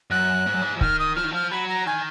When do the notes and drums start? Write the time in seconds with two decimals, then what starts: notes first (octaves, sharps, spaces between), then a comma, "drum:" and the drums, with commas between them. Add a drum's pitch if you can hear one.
0.10 F#2 F#6
0.46 G#2
0.53 F#2
0.62 G#2
0.76 F3
0.81 D#3 F6, drum: kick
0.99 D#6
1.16 F3 F6
1.24 D#3
1.31 F3 F6
1.51 F#3 B5
1.69 A#5
1.86 D#3 G#5